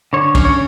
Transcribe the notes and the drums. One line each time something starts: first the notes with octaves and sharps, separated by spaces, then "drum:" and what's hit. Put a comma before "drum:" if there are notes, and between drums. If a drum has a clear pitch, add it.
D3 C#5
C#4, drum: kick, cymbal
C#5